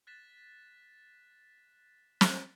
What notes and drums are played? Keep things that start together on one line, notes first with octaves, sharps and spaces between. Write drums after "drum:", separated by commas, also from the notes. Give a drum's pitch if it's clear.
F#6 A6 B6 E7
drum: snare